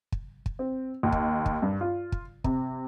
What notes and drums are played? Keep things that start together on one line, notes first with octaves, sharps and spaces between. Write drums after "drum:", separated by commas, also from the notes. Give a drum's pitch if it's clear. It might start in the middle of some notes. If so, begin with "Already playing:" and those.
drum: kick
drum: kick
C4
D#2
drum: kick
drum: kick
G2
F4
drum: kick
C3, drum: kick